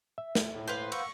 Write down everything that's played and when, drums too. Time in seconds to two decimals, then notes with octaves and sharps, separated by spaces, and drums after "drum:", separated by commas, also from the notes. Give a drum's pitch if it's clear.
0.18 E5
0.35 drum: snare
0.53 A2
0.67 F4 B4 C5
0.92 F5 F#5 C#6 E6, drum: cymbal